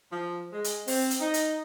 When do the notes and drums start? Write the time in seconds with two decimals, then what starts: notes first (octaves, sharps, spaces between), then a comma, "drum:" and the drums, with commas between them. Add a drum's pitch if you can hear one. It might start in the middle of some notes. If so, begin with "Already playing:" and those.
0.12 F3
0.53 G#3
0.64 drum: hi-hat
0.88 C4, drum: open hi-hat
1.11 drum: hi-hat
1.21 D#4
1.34 drum: hi-hat